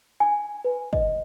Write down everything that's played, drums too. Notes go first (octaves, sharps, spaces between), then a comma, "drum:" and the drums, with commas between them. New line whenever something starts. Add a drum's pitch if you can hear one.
G#5
B4
D#5, drum: kick